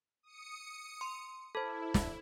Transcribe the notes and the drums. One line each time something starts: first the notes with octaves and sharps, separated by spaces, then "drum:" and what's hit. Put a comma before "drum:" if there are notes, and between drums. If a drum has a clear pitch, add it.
D#6 C#7
C6
E4 A4 C5 A5 B5 G#6
drum: snare